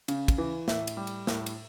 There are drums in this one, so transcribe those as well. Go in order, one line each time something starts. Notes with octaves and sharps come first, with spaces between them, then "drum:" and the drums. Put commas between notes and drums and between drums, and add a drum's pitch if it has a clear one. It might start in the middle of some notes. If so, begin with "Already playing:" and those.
C#3, drum: cymbal
drum: kick, cymbal
E3
A2 E5, drum: snare
drum: cymbal
G3
drum: cymbal
A2, drum: snare
drum: cymbal